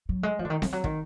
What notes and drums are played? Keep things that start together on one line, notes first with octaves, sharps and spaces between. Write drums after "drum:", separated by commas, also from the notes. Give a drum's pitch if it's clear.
F#3
G#3
F3
D3
D#3
F3, drum: snare C4
F#3
D#3, drum: kick